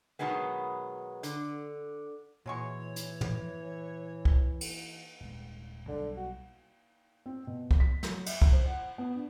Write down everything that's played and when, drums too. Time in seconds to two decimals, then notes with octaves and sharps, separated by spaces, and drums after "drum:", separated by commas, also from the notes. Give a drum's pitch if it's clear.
0.19 B2 D#3 F#3 G#3 B3
1.23 D3, drum: hi-hat
2.46 A#2 E3 F#3 G#3 C#5 C#6
2.96 drum: hi-hat
3.21 drum: tom
4.25 drum: kick
4.61 drum: cymbal
5.21 D#1 G#3
5.88 B1 D3 G3
6.17 F#4
7.26 C4
7.47 B2
7.71 drum: kick
7.80 B6
8.03 F#3, drum: snare
8.26 E5, drum: cymbal
8.42 drum: kick
8.53 C5
8.66 F#5
8.98 B3
9.15 D4